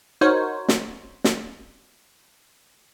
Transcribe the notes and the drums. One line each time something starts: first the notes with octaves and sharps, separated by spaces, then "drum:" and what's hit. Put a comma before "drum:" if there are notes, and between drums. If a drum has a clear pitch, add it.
D#4 F#4 A#4 C5 C#5
drum: snare
drum: snare